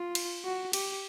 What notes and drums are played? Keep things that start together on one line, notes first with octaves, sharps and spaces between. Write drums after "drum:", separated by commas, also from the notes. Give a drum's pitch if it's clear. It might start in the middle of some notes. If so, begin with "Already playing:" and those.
Already playing: F4
drum: cymbal
F#4
G4, drum: cymbal